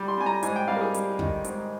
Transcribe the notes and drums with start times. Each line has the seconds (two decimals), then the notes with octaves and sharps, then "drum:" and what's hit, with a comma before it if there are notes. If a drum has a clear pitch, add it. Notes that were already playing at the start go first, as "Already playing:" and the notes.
Already playing: G3
0.08 C6
0.18 G3 G#5
0.26 A#5
0.43 G#2 G#5, drum: hi-hat
0.56 G5
0.68 G3 F5
0.76 A#4
0.81 G#4
0.94 G3, drum: hi-hat
1.19 D#3, drum: kick
1.44 G#2, drum: hi-hat